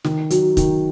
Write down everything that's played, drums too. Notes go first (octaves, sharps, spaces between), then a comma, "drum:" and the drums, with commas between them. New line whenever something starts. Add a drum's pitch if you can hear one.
D#3, drum: snare
F#3, drum: hi-hat
D#3, drum: kick, hi-hat